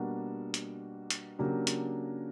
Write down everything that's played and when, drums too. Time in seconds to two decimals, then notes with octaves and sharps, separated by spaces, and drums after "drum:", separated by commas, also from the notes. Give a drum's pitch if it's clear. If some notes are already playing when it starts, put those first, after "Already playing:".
Already playing: B2 G3 A#3 D4 F#4
0.54 drum: hi-hat
1.10 drum: hi-hat
1.39 C#3 F#3 A#3 D4 G4
1.67 drum: hi-hat